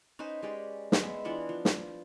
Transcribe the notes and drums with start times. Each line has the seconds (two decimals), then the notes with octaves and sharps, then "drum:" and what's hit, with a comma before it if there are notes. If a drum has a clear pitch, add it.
0.19 C#4 D#4 B4 C5
0.43 G#3 C#4 G4 D5
0.92 drum: snare
1.01 G#3 B3 E5
1.24 E3 D4 F4 F#5
1.49 F3
1.65 drum: snare